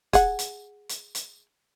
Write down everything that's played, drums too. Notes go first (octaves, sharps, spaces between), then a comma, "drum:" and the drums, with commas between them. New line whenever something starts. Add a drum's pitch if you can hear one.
G#4 F#5, drum: kick, hi-hat
drum: hi-hat
drum: hi-hat
drum: hi-hat